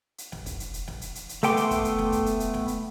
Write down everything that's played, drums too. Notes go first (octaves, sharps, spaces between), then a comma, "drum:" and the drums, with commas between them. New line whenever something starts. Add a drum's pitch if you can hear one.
drum: hi-hat
drum: snare
drum: kick, hi-hat
drum: hi-hat
drum: hi-hat
drum: snare
drum: hi-hat
drum: hi-hat
drum: hi-hat
A3 B3 G5 C6 D6, drum: hi-hat
drum: hi-hat
drum: kick, hi-hat
drum: hi-hat
drum: snare
drum: kick, hi-hat
drum: hi-hat
drum: hi-hat
drum: snare
drum: hi-hat